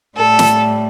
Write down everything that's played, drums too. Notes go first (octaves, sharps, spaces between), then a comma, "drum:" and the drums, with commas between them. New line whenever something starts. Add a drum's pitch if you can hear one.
A2 G3 A4
drum: snare